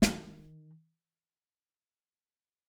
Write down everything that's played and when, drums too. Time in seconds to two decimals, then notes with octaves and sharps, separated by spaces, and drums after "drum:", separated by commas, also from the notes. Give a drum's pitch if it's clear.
0.02 D#3, drum: snare